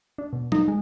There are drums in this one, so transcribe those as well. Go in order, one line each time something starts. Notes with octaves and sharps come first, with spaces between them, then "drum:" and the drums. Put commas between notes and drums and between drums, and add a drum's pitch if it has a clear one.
D4
B2
D#4, drum: tom F#3
G#3